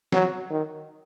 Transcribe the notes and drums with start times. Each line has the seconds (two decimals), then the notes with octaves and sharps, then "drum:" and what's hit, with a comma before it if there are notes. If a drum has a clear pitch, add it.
0.12 F#3, drum: snare
0.50 D#3